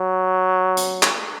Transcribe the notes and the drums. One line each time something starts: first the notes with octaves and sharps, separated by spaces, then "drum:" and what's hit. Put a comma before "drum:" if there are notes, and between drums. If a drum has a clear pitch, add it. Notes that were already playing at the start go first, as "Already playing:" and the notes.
Already playing: F#3
drum: hi-hat
drum: clap